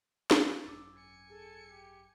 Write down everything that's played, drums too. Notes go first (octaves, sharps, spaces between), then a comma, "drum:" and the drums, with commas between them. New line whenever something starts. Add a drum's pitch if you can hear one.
drum: snare
G#1 F#2 C#4 D6 E6 A6
G#5 C#7
G#4 A4
G4